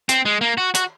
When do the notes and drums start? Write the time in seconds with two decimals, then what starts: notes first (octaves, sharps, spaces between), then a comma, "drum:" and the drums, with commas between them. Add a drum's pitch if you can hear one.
0.09 C4, drum: hi-hat
0.25 G#3
0.41 A#3
0.58 F#4
0.75 F#4, drum: hi-hat